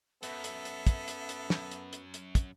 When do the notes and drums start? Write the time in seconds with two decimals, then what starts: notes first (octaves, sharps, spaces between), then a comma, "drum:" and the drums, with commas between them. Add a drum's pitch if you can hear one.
0.23 F#2 B3 A4 E5, drum: hi-hat
0.44 drum: hi-hat
0.65 drum: hi-hat
0.87 drum: kick, hi-hat
1.08 drum: hi-hat
1.29 drum: hi-hat
1.50 drum: snare
1.71 drum: hi-hat
1.93 drum: hi-hat
2.14 drum: hi-hat
2.35 drum: kick, hi-hat